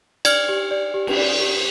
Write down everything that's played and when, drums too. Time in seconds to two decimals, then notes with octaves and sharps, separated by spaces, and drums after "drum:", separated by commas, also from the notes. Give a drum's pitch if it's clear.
0.25 D5 F6 G#6, drum: cymbal
0.49 G4
0.71 D5
0.94 G4
1.07 drum: cymbal
1.17 D5
1.40 G4